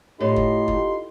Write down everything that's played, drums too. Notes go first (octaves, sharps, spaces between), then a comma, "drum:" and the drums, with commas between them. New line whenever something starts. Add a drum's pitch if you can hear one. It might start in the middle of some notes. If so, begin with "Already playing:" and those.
A2 D#4 F4 G4 C6
drum: kick
drum: kick